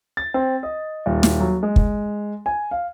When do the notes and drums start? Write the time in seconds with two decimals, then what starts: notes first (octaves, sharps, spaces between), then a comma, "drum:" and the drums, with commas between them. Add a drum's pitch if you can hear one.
0.17 A6
0.34 C4
0.63 D#5
1.06 D#1
1.23 drum: snare
1.40 F#3
1.63 G#3
1.76 drum: kick
2.46 G#5
2.71 F5